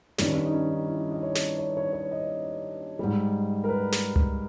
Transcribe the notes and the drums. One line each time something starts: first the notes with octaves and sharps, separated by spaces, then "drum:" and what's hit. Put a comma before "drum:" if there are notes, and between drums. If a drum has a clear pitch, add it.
G2 D#3 G3 C#4, drum: snare
C#4
D#4
C#4
D#4
E4
D#5
C#5
drum: snare
C#5
C#5
C#5
D#5
G#2 G3
A#4
B4
drum: snare
drum: tom C#2